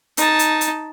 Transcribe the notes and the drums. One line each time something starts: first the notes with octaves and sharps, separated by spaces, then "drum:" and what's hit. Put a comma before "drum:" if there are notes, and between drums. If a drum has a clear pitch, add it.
D#4 A5, drum: hi-hat
drum: hi-hat
drum: hi-hat